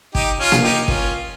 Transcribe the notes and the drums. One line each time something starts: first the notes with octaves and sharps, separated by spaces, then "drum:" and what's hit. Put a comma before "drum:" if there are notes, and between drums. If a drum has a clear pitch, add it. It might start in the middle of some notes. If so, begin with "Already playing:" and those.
D#4 G4, drum: kick
C#4 F4
drum: snare A#3
D#4 G4
C#4 F4, drum: kick